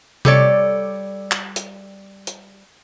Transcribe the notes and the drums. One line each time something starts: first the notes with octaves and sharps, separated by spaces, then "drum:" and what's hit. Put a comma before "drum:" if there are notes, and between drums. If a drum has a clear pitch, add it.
G3 A4 C#5 D5, drum: tom C3
drum: clap
drum: hi-hat
drum: hi-hat